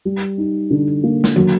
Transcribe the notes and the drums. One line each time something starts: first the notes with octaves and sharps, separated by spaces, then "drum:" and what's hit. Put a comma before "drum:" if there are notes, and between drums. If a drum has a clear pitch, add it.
G3
D#4
D3
A#3
drum: snare
F#3, drum: tom D#3